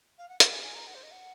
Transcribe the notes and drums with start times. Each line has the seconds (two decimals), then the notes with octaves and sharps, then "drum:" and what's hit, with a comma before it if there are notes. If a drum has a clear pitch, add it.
0.18 F5
0.29 F#5
0.40 F#5, drum: hi-hat
0.52 G#5
0.63 G#5
0.75 A#5
0.87 F#5
0.95 C5
1.03 D#5
1.12 F#5